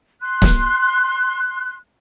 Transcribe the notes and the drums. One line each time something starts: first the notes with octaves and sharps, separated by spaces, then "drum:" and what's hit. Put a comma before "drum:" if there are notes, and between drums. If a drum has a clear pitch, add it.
C6 F#6
drum: snare